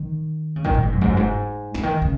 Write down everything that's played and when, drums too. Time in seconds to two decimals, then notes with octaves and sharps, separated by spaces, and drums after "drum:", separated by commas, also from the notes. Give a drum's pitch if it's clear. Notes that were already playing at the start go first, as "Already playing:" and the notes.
Already playing: D#3
0.56 C#3
0.65 D#3, drum: kick
0.74 A#2
0.83 G#2
0.92 F#2
1.02 G#2, drum: kick
1.10 F#2
1.17 G#2
1.74 C#3, drum: snare
1.83 D#3
2.02 C#3